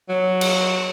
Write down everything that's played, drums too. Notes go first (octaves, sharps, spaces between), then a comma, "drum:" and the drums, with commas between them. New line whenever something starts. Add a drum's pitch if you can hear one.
F#3
drum: cymbal